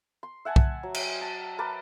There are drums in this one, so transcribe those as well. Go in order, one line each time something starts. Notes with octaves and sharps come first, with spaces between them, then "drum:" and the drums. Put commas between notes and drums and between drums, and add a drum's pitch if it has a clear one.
C6
E5 F#5 G#5 A5
drum: kick
F#3
drum: cymbal
A5
A#4 B4 A5 D6